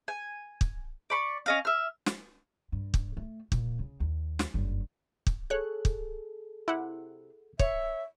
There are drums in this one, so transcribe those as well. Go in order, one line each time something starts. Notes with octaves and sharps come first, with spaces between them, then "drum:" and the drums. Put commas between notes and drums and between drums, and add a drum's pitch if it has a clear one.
G#5
drum: kick
D5 B5 C#6
C#4 D#5 F5
E5 F6
drum: snare
G2
drum: kick
A3
A#2, drum: kick
C#3
D#2
drum: snare
F#1 G2
drum: kick
G#4 A4 C#5 F#6
drum: kick
C3 E4 F#5
C#5 E5 C#7, drum: kick